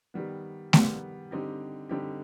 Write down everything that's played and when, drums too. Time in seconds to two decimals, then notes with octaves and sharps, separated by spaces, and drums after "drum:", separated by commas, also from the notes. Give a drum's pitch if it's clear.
0.14 D#3 G3 B3
0.73 D#3 G3 B3, drum: snare A3
1.31 D3 G3 C4 D#4 G4
1.89 D3 G3 C4 D#4 G4